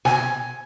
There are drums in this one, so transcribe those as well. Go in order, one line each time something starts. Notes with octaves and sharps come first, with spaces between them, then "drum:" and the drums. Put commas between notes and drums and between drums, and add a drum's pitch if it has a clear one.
G#5, drum: snare